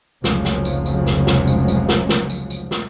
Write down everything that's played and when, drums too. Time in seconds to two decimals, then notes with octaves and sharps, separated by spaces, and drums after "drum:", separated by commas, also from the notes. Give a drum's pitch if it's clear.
0.24 F1 C#2 C#3 F3 F#3 G#3, drum: snare
0.45 drum: snare
0.65 drum: tambourine
0.86 drum: tambourine
1.06 drum: snare
1.27 drum: snare
1.48 drum: tambourine
1.68 drum: tambourine
1.89 drum: snare
2.09 drum: snare
2.30 drum: tambourine
2.50 drum: tambourine
2.71 drum: snare